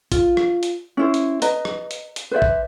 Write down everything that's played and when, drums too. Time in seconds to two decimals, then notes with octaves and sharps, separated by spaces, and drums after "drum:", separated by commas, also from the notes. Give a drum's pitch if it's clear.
0.12 F4, drum: kick, hi-hat
0.37 drum: rim click
0.63 drum: hi-hat
0.97 C#4 E4 C5
1.14 drum: hi-hat
1.42 B4 D#5 A#5, drum: hi-hat
1.65 drum: rim click
1.91 drum: hi-hat
2.16 drum: hi-hat
2.31 B4 C5 D5 E5
2.42 drum: kick